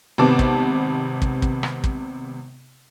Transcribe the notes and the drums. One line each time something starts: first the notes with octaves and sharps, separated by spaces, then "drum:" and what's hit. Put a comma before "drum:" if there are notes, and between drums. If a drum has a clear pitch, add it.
G#1 C3 B3 A5 D6
drum: kick
drum: kick
drum: kick
drum: rim click
drum: kick